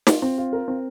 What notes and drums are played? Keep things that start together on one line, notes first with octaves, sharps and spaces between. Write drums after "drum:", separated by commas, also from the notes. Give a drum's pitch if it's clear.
F4, drum: snare
C4
F4
A#4
C4